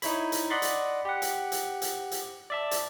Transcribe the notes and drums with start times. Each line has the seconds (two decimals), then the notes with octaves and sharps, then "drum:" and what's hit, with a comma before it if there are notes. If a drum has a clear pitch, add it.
0.02 D#4 E4 C#5 B5, drum: hi-hat
0.32 drum: hi-hat
0.50 D5 D#5 F#5 B5 C6 A6
0.62 drum: hi-hat
1.05 G4 F#5
1.22 drum: hi-hat
1.52 drum: hi-hat
1.82 drum: hi-hat
2.11 drum: hi-hat
2.50 D5 E5 A5
2.71 drum: hi-hat